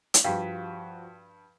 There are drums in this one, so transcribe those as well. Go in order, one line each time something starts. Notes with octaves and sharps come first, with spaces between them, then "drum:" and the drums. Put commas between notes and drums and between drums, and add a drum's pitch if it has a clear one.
drum: hi-hat
G2 F3 F#4 G4 F5 G5 B6